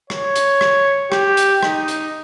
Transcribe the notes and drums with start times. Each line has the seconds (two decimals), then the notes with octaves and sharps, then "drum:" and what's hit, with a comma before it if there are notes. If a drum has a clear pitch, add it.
0.10 C#5, drum: rim click
0.35 drum: hi-hat
0.61 drum: rim click
1.12 G4, drum: rim click
1.37 drum: hi-hat
1.63 D#4, drum: rim click
1.88 drum: hi-hat